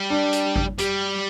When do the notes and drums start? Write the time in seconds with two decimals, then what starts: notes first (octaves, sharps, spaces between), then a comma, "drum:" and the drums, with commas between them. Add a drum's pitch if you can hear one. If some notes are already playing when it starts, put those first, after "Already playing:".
Already playing: G3
0.10 D4
0.33 drum: hi-hat
0.56 drum: kick G#1
0.78 G3 G4, drum: hi-hat